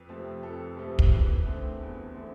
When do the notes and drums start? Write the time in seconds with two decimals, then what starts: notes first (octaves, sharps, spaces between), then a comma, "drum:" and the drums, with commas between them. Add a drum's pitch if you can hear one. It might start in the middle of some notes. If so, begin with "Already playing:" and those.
Already playing: F2 B4
0.09 C3 F3 A3 C4
0.43 F2 A4
0.76 C3 F3 A3 C4
0.99 drum: kick
1.11 E2 B4
1.46 D3 A3 C4
1.81 E2
2.14 D3 A3 C4